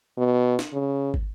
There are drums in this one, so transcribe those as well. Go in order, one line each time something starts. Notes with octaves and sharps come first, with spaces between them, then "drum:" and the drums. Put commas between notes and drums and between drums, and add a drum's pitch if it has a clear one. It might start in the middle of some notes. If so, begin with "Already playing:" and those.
B2
drum: snare
C#3
drum: kick